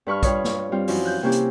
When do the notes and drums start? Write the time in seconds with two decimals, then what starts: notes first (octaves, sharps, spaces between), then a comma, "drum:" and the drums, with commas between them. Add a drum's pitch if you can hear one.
0.06 G2 B4 C#6 F6
0.23 G3 F4 B4 C#5 D#6, drum: kick, hi-hat
0.44 drum: snare
0.72 G3 C4 F4
0.88 F#2 E3 F3 E4, drum: open hi-hat
1.05 F#6 G6
1.23 C3 A#3 C#4 E4 G4
1.32 drum: hi-hat